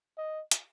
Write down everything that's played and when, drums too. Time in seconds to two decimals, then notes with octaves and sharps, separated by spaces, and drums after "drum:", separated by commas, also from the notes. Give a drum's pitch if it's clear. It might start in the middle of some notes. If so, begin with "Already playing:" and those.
0.18 D#5
0.51 drum: hi-hat